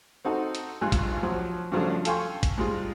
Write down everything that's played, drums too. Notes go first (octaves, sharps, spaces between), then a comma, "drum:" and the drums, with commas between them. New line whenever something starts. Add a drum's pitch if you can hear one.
C4 D#4 F#4 A4
drum: hi-hat
G#1 G2 G3 F4 G#5 F#6
drum: kick G#1, hi-hat
F3 F#3
G2 C#3 F3 F#3 A3 D4
A4 F5 G5 G#5 C6 C#6, drum: hi-hat
drum: kick G#1, hi-hat
G#2 G3 G#3 D4 F4